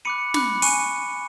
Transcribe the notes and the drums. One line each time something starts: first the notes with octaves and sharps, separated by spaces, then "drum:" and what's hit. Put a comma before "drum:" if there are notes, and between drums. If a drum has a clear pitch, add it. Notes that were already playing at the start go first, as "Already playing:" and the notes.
B5 D6 F#6 C#7 D#7
B5 D6 F#6, drum: snare
G#5 C#6 F#6 C#7 D#7, drum: open hi-hat